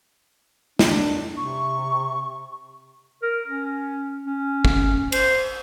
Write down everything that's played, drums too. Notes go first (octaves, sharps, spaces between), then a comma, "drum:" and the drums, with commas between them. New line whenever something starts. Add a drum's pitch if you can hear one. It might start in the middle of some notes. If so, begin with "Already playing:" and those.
D4, drum: snare
C3 C#6
A#4
C#4
C#4
drum: kick
C5, drum: cymbal